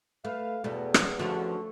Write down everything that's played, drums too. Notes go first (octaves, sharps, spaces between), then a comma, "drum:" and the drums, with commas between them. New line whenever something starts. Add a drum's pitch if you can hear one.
A3 B4 E5 F5
E2 G2 B2 A3
drum: rim click
D3 F3 A3 C#4 F#4